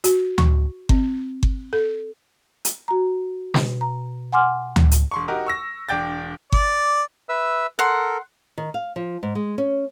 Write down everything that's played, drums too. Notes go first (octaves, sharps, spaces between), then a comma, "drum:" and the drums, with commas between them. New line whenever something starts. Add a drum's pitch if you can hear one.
F#4, drum: hi-hat
C#6, drum: tom D2
C4, drum: kick G1
drum: kick G1
A4
drum: hi-hat
F#4 A#5
B2, drum: snare
A#5
F#5 G#5 C6 D6 F6
drum: tom D2
drum: hi-hat
E1 C6 C#6
D#4 F#4 G4 A#4
C#6 E6 A#6
E1 D4 G5 G6 A6
D5, drum: kick G1
B4 E5 E6
A4 A#4 F#5 C6
D#3
F5
F3
G#2
G#3
C#4